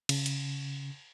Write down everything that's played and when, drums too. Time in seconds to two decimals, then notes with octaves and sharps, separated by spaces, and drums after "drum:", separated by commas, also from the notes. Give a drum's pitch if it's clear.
0.09 C#3, drum: cymbal
0.26 drum: hi-hat